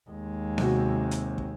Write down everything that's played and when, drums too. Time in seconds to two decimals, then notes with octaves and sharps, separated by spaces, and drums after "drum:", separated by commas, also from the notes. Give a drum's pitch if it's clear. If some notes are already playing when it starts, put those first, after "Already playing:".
0.10 D#2 G#3
0.58 C3 F#4, drum: snare B3
1.11 drum: hi-hat
1.38 drum: kick